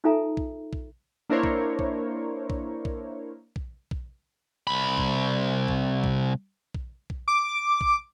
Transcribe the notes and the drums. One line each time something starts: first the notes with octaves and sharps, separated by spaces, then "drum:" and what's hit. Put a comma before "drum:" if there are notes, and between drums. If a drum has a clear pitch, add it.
D#4 F4 A4 E5 G#5 A#5
drum: kick A#1
drum: kick A#1
A#3 D4 E4 A#4 C5 C#5
drum: kick A#1
drum: kick A#1
drum: kick A#1
drum: kick A#1
drum: kick A#1
drum: kick A#1
C2 B5
drum: kick A#1
drum: kick A#1
drum: kick A#1
drum: kick A#1
drum: kick A#1
D6
drum: kick A#1